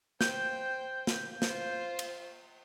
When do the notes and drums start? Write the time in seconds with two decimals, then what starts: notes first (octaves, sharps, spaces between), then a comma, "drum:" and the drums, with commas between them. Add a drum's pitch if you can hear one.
0.21 C5 G5 G6, drum: snare
1.07 drum: snare
1.42 F4 C5, drum: snare
1.99 drum: cymbal